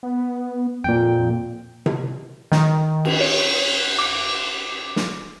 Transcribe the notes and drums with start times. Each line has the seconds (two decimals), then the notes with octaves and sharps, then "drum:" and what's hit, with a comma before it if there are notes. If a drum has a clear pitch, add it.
0.03 B3
0.84 F2 A#2 G5
1.86 drum: tom C3
2.52 D#3, drum: snare
3.05 drum: cymbal
3.21 C#5
3.99 D6
4.96 drum: snare